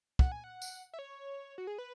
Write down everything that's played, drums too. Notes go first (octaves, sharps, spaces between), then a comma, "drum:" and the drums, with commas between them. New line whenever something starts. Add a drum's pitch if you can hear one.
F#5, drum: kick
G#5
F#5
drum: tambourine
E5
C#5
F#4
G#4
B4